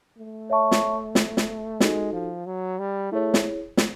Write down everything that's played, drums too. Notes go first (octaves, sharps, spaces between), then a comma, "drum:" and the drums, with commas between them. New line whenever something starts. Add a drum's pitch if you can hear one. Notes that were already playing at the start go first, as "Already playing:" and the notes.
A3
C#5 E5 A5 C#6
drum: snare
drum: snare
drum: snare
G#3 D#4 F#4 A4, drum: snare
F3
F#3
G3
A3 E4 G#4 C#5
drum: snare
drum: snare